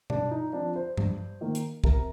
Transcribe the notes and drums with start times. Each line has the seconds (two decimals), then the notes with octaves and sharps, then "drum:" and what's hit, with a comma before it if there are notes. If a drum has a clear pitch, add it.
0.10 G2 D4, drum: tom B2
0.31 D#4
0.53 F3 C4 D4
0.76 C5
0.97 G2, drum: tom G2
1.41 D#3 A#3
1.55 drum: hi-hat
1.84 C3 A#4, drum: kick